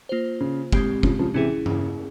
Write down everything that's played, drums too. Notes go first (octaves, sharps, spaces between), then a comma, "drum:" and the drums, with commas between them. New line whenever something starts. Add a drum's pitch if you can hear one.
A#3 F4 C5
C#3
G#3 C4 G4, drum: kick
C#3 F3, drum: kick
C#3 F3
C3 E3 C#4 E4 G#4
C#3, drum: tom G2